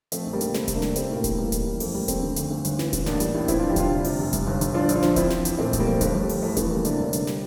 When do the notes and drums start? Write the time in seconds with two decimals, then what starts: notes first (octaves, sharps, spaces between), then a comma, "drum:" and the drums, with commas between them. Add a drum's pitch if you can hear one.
0.12 F3 A3 C4, drum: hi-hat
0.26 A#1
0.33 G3 A#3
0.41 A#1, drum: hi-hat
0.54 C2 A3 C4, drum: snare
0.68 C3, drum: kick D#1, hi-hat
0.75 A#3 D4
0.82 C2, drum: snare
0.96 G3 A3 C4, drum: hi-hat
1.10 A2 A#3
1.17 A3
1.24 A1, drum: kick D#1, hi-hat
1.38 E3 G3 A#3
1.52 A2, drum: kick D#1, hi-hat
1.67 A1
1.80 F2 A3, drum: open hi-hat
1.94 G3 A#3
2.08 F2 A3 C4, drum: kick D#1, hi-hat
2.22 D3
2.36 D2, drum: hi-hat
2.50 D2
2.65 G1, drum: hi-hat
2.79 E3, drum: snare
2.93 E3, drum: kick D#1, hi-hat
3.06 A1 A#3 D4, drum: snare
3.20 G3, drum: hi-hat
3.34 A2
3.48 E3 C4 E4, drum: kick D#1, hi-hat
3.59 D4 F4
3.63 F2
3.70 E4 G4
3.76 G1 D4 F4, drum: kick D#1, hi-hat
3.90 C3
4.04 C3, drum: open hi-hat
4.19 F1
4.33 G2, drum: kick D#1, hi-hat
4.47 G1
4.61 G1, drum: hi-hat
4.74 A#1 D4 F4
4.89 A#1, drum: hi-hat
4.96 D4 F4
5.02 F3, drum: snare
5.16 F3 C4 E4, drum: kick D#1, hi-hat
5.30 F3, drum: snare
5.45 E2, drum: hi-hat
5.58 A#2 A3 C4
5.73 A#1, drum: kick D#1, hi-hat
5.80 G3 A#3
5.87 F3
6.01 G1 A3, drum: kick D#1, hi-hat
6.15 G1
6.22 G3
6.29 F3, drum: open hi-hat
6.43 E2 A3
6.57 E3 A3, drum: kick D#1, hi-hat
6.71 G3 A#3
6.85 C3 A#3 D4, drum: hi-hat
6.99 G1
7.13 G1, drum: hi-hat
7.27 G3, drum: snare